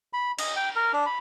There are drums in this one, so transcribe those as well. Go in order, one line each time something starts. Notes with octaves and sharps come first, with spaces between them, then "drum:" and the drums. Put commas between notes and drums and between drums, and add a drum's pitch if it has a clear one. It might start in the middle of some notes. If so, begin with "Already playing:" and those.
B5
D#5, drum: cymbal
G5
A#4
D4
B5